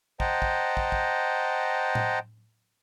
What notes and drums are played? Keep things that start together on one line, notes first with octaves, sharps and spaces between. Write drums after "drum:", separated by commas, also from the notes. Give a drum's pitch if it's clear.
C5 D#5 F#5 G5 A5 A#5, drum: kick
drum: kick
drum: kick
drum: kick
drum: tom A2